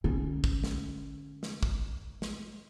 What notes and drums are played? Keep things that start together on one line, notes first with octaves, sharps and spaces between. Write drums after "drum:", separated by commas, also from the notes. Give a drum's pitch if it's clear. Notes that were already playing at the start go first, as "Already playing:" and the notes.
D3 C#4
drum: kick A1
drum: snare
drum: snare
drum: kick A1
drum: snare